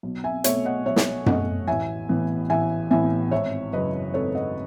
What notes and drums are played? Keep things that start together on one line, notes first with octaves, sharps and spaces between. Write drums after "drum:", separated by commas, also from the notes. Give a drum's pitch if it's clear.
B1
E5 G#5
B2 A3 C#5 E5, drum: hi-hat
D#5 F#5
B1 C#5 E5
drum: snare
B2 A3 D#5 F#5, drum: tom F#2
A1 E5 G#5
A2 E3 B3
A1 E5 G#5
A2 E3 B3 E5 G#5
G#1 C#5 E5
F#2 C#3 B4 D#5
G#1 A4 C#5
D#5 F#5